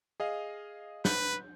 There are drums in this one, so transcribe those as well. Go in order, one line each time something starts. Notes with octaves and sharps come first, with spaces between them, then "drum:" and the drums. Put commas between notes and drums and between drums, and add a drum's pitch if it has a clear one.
G#4 D#5 F5
B4 G6, drum: snare